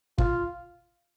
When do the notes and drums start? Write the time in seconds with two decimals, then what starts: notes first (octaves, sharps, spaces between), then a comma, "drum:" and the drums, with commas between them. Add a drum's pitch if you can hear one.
0.18 F4, drum: kick